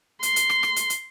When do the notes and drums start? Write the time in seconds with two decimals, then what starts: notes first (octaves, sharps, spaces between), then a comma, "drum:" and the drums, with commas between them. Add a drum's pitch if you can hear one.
0.23 C6, drum: hi-hat
0.36 drum: hi-hat
0.50 drum: rim click
0.63 drum: rim click
0.76 drum: hi-hat
0.90 drum: hi-hat